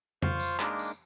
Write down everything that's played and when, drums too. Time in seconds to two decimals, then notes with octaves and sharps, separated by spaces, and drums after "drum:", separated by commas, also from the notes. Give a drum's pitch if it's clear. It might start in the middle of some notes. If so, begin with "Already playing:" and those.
0.22 F4 C5 F5 C6 C#6, drum: tom
0.40 drum: tambourine
0.59 G#3 A#3 D4 D#4 A#4, drum: clap
0.79 drum: tambourine